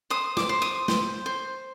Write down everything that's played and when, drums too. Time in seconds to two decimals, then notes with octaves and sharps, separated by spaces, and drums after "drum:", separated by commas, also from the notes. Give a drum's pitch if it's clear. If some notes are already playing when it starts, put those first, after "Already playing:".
0.10 C5 D#6
0.37 D6, drum: snare
0.49 C5
0.62 D#6
0.88 C5, drum: snare
1.26 C5